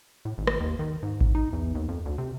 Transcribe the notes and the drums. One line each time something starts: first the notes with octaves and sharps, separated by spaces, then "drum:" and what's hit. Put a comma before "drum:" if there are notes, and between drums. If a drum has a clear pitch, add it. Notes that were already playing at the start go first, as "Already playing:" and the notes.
A2
G#1
drum: rim click
D#2
D#3
G#2
drum: kick A1
D#4
E2
D#2
F2
D2
C3